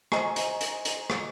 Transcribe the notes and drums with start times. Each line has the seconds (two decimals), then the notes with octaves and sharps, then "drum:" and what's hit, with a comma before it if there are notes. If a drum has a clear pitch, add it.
0.12 C5 D#5 G#5 A#5 C#6, drum: rim click
0.36 drum: hi-hat
0.61 drum: hi-hat
0.85 drum: hi-hat
1.10 drum: rim click